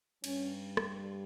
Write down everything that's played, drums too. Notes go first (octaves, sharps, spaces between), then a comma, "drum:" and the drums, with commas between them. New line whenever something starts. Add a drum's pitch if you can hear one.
G2 G3 C#4, drum: cymbal
drum: rim click